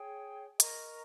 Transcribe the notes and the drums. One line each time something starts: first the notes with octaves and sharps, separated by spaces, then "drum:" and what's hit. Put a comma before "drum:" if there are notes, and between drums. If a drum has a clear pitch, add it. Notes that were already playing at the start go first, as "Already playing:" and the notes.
Already playing: G#4 C#5 G5
A#4 D#5 A#5 C#6, drum: hi-hat